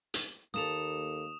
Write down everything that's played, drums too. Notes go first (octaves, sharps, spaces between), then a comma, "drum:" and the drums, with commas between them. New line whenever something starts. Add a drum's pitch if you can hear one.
drum: hi-hat
D#2 A#3 A4 D#6 E7 F7